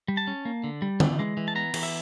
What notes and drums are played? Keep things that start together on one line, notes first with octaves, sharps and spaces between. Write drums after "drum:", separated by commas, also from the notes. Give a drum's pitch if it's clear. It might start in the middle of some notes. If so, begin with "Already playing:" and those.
G3
A5
C#4
A#3
D3
G3
E3, drum: tom D3
G#3
E3
A5
B3 A#5
E3, drum: cymbal
E5